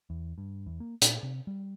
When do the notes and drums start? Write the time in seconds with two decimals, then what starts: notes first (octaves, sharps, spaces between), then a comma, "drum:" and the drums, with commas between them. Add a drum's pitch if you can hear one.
0.10 E2
0.38 G2
0.67 E2
0.80 A#3
1.02 A#2, drum: hi-hat
1.23 C3
1.47 G3